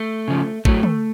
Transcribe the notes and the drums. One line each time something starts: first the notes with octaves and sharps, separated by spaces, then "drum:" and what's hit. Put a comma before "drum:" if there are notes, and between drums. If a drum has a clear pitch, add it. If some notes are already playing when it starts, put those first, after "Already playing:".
Already playing: A3
C#3 F3
A2 F#3 A3, drum: kick G#1
drum: tom